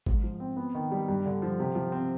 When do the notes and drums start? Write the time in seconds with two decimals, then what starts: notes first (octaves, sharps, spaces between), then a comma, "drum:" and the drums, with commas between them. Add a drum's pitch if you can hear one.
0.06 G#2, drum: kick G#1
0.23 F3
0.40 C4
0.57 B3
0.75 D#3
0.91 G3
1.09 G2
1.26 D3
1.42 F3
1.59 C3
1.75 F3
1.92 C4